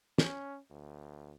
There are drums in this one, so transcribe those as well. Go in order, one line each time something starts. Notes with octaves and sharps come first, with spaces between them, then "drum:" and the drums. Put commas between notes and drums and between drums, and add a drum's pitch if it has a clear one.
C#4, drum: snare
D2